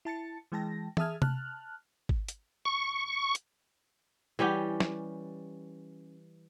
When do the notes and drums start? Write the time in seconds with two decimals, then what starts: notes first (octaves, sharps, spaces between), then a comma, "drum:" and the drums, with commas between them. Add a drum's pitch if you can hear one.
0.05 E4 A5 A6 C#7
0.52 E3 G#3 G5 A5 A#6
0.97 G#4 E5 A5 D#6 F6 G#6, drum: tom E3
1.22 A5 F6 F#6, drum: tom C3
2.09 drum: kick G#1
2.28 drum: hi-hat
2.65 C#6
3.35 drum: hi-hat
4.39 E3 G3 C#4 G4
4.80 drum: snare